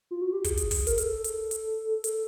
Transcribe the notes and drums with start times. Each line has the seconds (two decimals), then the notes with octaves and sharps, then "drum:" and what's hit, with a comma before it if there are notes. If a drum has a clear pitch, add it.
0.11 F4
0.21 F#4
0.33 G4
0.44 G#4, drum: kick, hi-hat
0.57 drum: hi-hat
0.71 drum: kick, open hi-hat
0.87 A#4, drum: hi-hat
0.98 A4, drum: hi-hat
1.24 drum: hi-hat
1.51 drum: hi-hat
2.04 A4, drum: hi-hat